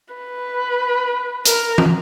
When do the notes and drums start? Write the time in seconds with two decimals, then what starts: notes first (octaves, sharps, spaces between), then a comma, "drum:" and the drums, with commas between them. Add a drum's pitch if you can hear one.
0.15 B4
1.45 A#4, drum: hi-hat
1.78 drum: tom E3